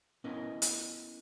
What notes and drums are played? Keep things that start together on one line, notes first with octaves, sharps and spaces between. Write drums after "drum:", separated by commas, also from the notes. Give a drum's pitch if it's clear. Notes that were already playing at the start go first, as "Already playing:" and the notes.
B3 C#4 E4 A#4 D#5
drum: hi-hat